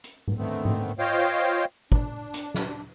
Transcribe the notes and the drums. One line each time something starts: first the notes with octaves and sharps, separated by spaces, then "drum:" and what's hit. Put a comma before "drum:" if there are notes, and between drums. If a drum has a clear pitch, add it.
drum: hi-hat
drum: tom G#2
D3 D#3 A3 B3 C4
drum: tom G#2
F4 C5 C#5 D#5 F5 G5
D4, drum: kick
drum: hi-hat
drum: snare